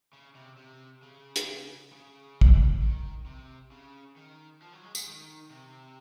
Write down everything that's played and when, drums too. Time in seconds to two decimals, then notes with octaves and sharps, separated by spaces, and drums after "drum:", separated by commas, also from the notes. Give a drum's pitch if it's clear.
0.13 C#3
0.35 C3
0.58 C3
1.03 C#3
1.36 drum: hi-hat
1.93 C#3
2.41 drum: kick
2.82 D#3
3.26 C3
3.71 C#3
4.16 D#3
4.62 F3
4.73 F#3
4.84 G#3
4.95 G#3, drum: tambourine
5.06 D#3
5.50 C3